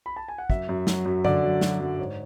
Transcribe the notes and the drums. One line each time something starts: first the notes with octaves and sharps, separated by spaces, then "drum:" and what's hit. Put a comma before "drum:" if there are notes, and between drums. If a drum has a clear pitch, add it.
B5
A5
G#5
F#5
F#2 E5, drum: kick
F#2
F#3, drum: snare
F#2
D3 D5, drum: tom G2
F#3
F#3, drum: snare
F#2
G#2 C#5